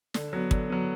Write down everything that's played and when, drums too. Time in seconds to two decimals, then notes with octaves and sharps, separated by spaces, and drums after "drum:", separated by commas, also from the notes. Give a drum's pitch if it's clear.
0.14 D3, drum: snare
0.33 F#3 B3
0.51 D3, drum: kick
0.70 F#3 B3